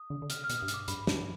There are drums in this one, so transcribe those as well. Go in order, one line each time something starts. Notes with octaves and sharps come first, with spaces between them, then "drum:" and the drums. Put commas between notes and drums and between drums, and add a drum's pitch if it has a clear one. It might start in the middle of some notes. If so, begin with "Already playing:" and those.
Already playing: D#6
D3
D3
C3 F6, drum: hi-hat
F6
B2, drum: hi-hat
G2 D#6
G#2, drum: hi-hat
D6
G2 B5, drum: hi-hat
G2, drum: snare